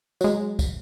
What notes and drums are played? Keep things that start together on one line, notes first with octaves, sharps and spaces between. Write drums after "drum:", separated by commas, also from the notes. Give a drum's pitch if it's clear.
F#3 G#3, drum: tambourine
drum: kick, tambourine